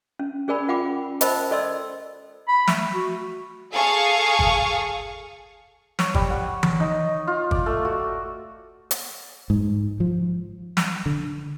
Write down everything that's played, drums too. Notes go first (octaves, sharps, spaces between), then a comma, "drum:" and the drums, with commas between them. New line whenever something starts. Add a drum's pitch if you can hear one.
C#4
C#4 G#4 A#4 D5 G#5 B5
F4 F#5 G5 B5 D6
A#4 C5 D#5 G5 A5 B5, drum: hi-hat
A4 D5 D#5 C6 E6
B5
A3, drum: snare
F#4
G#4 A4 F5 C#6 D#6
drum: kick
C#5, drum: snare
G3, drum: kick
F#5
drum: tom E3
D#4
F4
D5, drum: kick
A3
F#4
drum: hi-hat
G#2
F3
drum: snare
D3